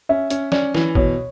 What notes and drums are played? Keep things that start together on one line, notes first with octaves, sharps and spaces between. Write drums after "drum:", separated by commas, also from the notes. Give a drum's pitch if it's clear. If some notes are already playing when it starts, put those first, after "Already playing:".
C#4 E5
C#4, drum: hi-hat
C#4 D5, drum: snare
E3, drum: snare
B2 C#5, drum: kick